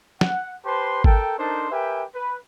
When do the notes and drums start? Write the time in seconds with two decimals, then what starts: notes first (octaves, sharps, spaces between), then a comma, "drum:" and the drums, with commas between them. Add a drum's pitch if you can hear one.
0.21 F#5, drum: snare
0.65 G4 B4 C5 A5 C6
1.04 A4 A#4 G5, drum: kick G#1
1.39 D4 D#4 A4 A#4 C5
1.71 G4 A#4 B4 E5 G5 G#5
2.14 B4